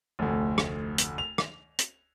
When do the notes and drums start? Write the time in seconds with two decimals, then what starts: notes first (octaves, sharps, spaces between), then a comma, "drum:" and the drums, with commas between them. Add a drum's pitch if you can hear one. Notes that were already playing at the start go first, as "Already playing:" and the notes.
0.19 F1 D2
0.58 drum: rim click
0.98 drum: hi-hat
1.18 F7
1.38 drum: rim click
1.79 drum: hi-hat